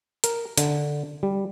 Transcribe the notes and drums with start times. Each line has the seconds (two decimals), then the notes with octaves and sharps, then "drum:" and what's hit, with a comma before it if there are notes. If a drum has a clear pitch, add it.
0.24 A#4, drum: hi-hat
0.58 D3, drum: hi-hat
1.23 G3